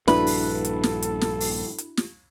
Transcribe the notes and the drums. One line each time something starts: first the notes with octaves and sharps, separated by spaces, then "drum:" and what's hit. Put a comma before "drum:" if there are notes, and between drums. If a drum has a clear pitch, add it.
A#1 G2 D4 E4 F#4 A4 B4, drum: snare
drum: open hi-hat
drum: hi-hat
drum: snare
drum: hi-hat
drum: snare
drum: open hi-hat
drum: hi-hat
drum: snare